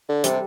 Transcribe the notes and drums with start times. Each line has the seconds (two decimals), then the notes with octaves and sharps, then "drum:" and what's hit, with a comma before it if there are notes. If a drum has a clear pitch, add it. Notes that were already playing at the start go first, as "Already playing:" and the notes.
0.09 D3
0.24 C3 G3 D4 A4, drum: hi-hat